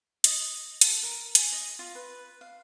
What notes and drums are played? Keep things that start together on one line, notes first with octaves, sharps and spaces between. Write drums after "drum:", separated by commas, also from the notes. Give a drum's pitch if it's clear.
D#5, drum: hi-hat
A4, drum: hi-hat
A#4
G#4, drum: hi-hat
D#5
F4
B4
F5